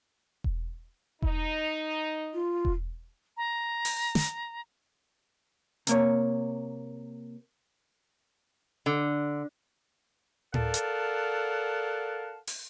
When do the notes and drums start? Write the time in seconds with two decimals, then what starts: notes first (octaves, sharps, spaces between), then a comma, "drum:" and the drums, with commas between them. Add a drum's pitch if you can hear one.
0.44 drum: kick E1
1.22 D#4, drum: kick E1
2.34 F4
2.65 drum: kick E1
3.37 A#5
3.85 drum: open hi-hat
4.15 drum: snare
5.87 C3 A#3 C#5, drum: hi-hat
8.86 D3
10.54 A4 A#4 D5 F5 F#5 A5, drum: tom A2
10.74 drum: hi-hat
12.47 drum: open hi-hat